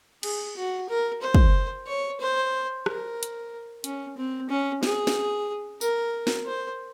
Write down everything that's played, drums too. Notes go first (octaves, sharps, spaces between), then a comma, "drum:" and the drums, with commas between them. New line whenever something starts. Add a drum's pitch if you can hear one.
G#4, drum: cymbal
F#4
A#4
C5
drum: kick
C#5
C5
A#4, drum: rim click
drum: hi-hat
C#4, drum: hi-hat
C4
C#4
G#4, drum: snare
drum: snare
A#4, drum: tambourine
drum: snare
C5